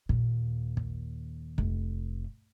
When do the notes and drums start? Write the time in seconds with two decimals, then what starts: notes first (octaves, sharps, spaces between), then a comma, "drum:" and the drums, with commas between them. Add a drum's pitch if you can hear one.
0.09 D#2 A#2, drum: kick
0.77 drum: kick
1.58 F1, drum: kick